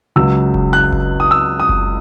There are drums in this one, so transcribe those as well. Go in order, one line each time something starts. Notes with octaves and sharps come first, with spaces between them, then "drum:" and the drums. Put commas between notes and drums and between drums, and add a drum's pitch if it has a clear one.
C#2 C#3 F#3 E6
drum: kick F#1
F#6
drum: kick F#1
D#6
E6
D#6
drum: kick F#1